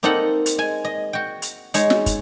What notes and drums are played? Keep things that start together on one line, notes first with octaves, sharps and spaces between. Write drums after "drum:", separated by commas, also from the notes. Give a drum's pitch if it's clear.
A#3 C4 D#4 A4 D#5 F#5
drum: hi-hat
G#3 G#5
D#5
F#4 G5
drum: hi-hat
G#3 D#4 C#5, drum: hi-hat
drum: snare
drum: kick, hi-hat